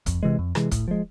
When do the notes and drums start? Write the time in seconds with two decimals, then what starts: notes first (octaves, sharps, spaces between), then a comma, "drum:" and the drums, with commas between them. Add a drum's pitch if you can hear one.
0.06 F2, drum: kick, hi-hat
0.23 C3 E3 G#3
0.39 F2
0.55 C3 E3 G#3, drum: rim click
0.71 A2, drum: kick, hi-hat
0.88 F3 G#3